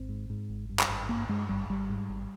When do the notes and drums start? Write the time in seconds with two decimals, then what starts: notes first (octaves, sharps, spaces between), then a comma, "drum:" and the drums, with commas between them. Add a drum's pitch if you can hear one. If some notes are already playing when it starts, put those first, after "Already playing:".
Already playing: G#1 C4
0.09 G#2
0.30 G#2
0.50 G#1
0.69 G2
0.79 drum: clap
0.89 G#1
1.09 G2 A#3
1.29 G2 G#3
1.49 G#1 G3
1.69 G#1 G3
1.90 G#2
2.09 G#1